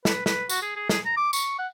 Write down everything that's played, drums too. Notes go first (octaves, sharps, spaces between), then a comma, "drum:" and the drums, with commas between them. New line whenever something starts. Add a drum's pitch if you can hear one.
B4, drum: snare
B4, drum: snare
F#4, drum: tambourine
G#4
G#4
G#4, drum: snare
A#5
D6
C#6, drum: tambourine
F#5